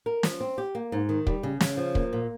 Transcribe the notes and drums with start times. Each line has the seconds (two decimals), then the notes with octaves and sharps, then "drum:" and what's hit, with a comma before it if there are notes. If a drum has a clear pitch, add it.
0.06 A#4
0.23 F3, drum: snare
0.40 C4
0.58 G4
0.75 A#3
0.92 G#2
1.09 D#3
1.27 G3, drum: kick
1.43 C#3
1.61 C#3, drum: snare
1.77 F3
1.95 A#3, drum: kick
2.13 A#2